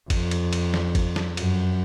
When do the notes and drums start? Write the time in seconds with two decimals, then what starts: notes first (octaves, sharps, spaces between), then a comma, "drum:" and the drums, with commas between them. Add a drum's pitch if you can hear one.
0.10 F2, drum: kick, cymbal
0.31 drum: cymbal
0.53 drum: cymbal
0.74 drum: snare
0.95 drum: kick, cymbal
1.16 drum: snare
1.37 F#2, drum: cymbal